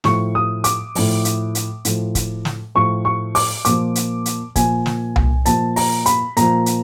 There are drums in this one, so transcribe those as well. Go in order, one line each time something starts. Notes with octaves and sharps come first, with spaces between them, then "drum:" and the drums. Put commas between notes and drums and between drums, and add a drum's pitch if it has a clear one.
A2 F3 C#6, drum: snare
D#6
D6, drum: hi-hat
A2 F3, drum: open hi-hat
drum: hi-hat
drum: hi-hat
A2 F3, drum: hi-hat
drum: kick, hi-hat
drum: snare
A2 F3 C#6
C#6
D6, drum: open hi-hat
A#2 F3 D6, drum: hi-hat
drum: hi-hat
drum: hi-hat
A#2 F3 G#5, drum: kick, hi-hat
drum: snare
drum: tom C2
A#2 F3 A5, drum: hi-hat
A#5, drum: open hi-hat
B5, drum: hi-hat
A#2 F3 A#5, drum: hi-hat
drum: hi-hat